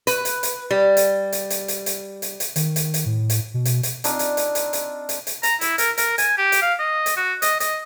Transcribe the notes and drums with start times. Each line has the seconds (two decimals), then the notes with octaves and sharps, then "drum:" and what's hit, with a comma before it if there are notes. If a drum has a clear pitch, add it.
0.07 B4, drum: hi-hat
0.25 drum: hi-hat
0.43 drum: hi-hat
0.71 G3
0.97 drum: hi-hat
1.32 drum: hi-hat
1.50 drum: hi-hat
1.68 drum: hi-hat
1.86 drum: hi-hat
2.22 drum: hi-hat
2.40 drum: hi-hat
2.56 D#3, drum: hi-hat
2.76 drum: hi-hat
2.94 drum: hi-hat
3.06 A2
3.30 drum: hi-hat
3.54 B2
3.65 drum: hi-hat
3.83 drum: hi-hat
4.04 C4 D4 D#4 F4, drum: hi-hat
4.19 drum: hi-hat
4.37 drum: hi-hat
4.55 drum: hi-hat
4.73 drum: hi-hat
5.09 drum: hi-hat
5.27 drum: hi-hat
5.43 A#5, drum: hi-hat
5.61 E4, drum: hi-hat
5.78 A#4, drum: hi-hat
5.98 A#4, drum: hi-hat
6.18 G#5, drum: hi-hat
6.38 G4
6.52 drum: hi-hat
6.62 F5
6.79 D#5
7.06 drum: hi-hat
7.17 F#4
7.42 D#5, drum: hi-hat
7.60 D#5, drum: hi-hat